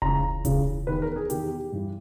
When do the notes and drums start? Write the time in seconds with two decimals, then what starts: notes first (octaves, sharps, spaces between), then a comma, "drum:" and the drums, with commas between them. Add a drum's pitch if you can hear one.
0.02 C#2 C#3 E3 A#5, drum: kick E1
0.45 C#2 C#3 E3, drum: kick E1, hi-hat
0.87 E2 D#3 B4
1.02 A#4
1.16 G#4
1.30 E2 D#3 G4, drum: hi-hat
1.72 G2 E3